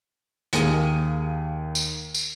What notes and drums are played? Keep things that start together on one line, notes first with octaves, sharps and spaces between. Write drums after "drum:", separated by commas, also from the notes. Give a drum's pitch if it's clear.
D#2 A#3 G#4 D#7, drum: hi-hat
drum: tambourine
drum: tambourine